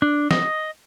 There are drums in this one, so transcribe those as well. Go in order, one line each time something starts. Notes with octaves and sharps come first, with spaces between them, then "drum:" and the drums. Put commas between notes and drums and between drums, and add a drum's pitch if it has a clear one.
D4
D#5, drum: snare